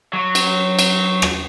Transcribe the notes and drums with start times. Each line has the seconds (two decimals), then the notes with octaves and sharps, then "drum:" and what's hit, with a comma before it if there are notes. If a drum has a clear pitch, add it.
0.13 F#3
0.35 drum: cymbal
0.79 drum: cymbal
1.22 drum: rim click